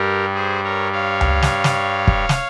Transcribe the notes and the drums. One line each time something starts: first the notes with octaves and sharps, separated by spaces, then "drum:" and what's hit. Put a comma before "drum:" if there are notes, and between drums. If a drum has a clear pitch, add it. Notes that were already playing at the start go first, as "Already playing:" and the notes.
Already playing: G2 G3 G4 A#4
G#4 C5
A#4 C#5
C#5 F5
drum: tom C#2
drum: snare
drum: snare
drum: kick
drum: snare